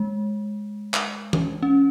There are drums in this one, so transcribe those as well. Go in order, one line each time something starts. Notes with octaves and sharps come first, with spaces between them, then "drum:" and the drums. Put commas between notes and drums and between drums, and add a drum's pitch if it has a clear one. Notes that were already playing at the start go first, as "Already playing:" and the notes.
Already playing: G#3
drum: clap
drum: tom E3
C#4